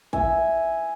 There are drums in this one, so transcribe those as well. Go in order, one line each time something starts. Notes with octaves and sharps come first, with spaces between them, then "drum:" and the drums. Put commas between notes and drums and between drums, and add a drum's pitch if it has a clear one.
E5 G#5, drum: kick G#1